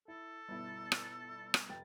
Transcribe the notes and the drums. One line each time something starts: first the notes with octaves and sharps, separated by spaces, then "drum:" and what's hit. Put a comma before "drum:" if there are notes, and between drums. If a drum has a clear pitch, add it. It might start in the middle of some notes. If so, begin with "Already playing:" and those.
E4 A4
G1 B2 E4
drum: rim click
drum: rim click
F1 G5 A6